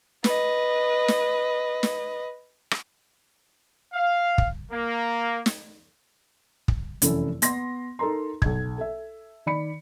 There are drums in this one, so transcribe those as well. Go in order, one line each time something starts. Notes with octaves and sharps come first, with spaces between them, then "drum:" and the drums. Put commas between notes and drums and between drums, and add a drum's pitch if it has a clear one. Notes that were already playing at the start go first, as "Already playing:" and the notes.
B4 D#5, drum: snare
drum: snare
drum: snare
drum: rim click
F5
drum: kick
A#3
drum: snare
drum: kick
F1 F#2 E3 E4 A4, drum: hi-hat
B3 C6 A#6, drum: hi-hat
D#4 A4 A#4 A#5 C6
B1 G#6, drum: kick
A4 E5
D#3 D5 B5 C#7